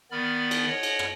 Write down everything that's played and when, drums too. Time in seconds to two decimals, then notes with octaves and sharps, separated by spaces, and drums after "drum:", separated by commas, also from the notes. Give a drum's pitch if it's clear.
0.11 D#3 B3 D5 B5 F6
0.51 drum: cymbal
0.67 C#5 D#5 F#5
0.83 drum: cymbal
0.99 drum: rim click